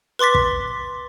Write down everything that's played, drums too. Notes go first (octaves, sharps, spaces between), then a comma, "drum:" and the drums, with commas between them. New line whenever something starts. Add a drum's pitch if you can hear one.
B4 C6 D6 A6 B6
drum: kick